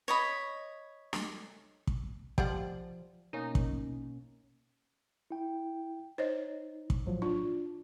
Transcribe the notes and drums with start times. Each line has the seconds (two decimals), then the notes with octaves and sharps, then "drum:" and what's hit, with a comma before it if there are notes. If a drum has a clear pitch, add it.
0.08 C#5 D#5 B5
1.13 drum: snare
1.87 drum: kick
2.38 F3 G4 D5 F#5, drum: kick
3.33 B2 A#3 C#4 D#4
3.55 drum: kick
5.31 E4 G5
6.18 D#4 C5 C#5 D#5
6.90 drum: kick
7.06 A2 F3 F#3
7.22 D4 F4